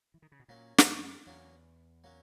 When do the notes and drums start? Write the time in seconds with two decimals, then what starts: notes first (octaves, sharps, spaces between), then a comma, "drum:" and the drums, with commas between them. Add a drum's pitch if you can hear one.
0.14 E3
0.22 D#3
0.32 C#3
0.40 B2
0.48 A#2 F#3 A#3 C#4
0.78 G#2, drum: snare
0.87 F#2
1.26 E2 F#3 A#3 C#4
2.04 F#3 A#3 C#4